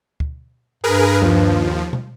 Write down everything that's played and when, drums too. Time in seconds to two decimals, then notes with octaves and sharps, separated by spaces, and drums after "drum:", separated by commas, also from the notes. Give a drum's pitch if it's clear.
0.20 drum: kick D2
0.84 G2 G#4 A#4 B4
1.22 D#2 F3, drum: tom F3
1.93 drum: tom B2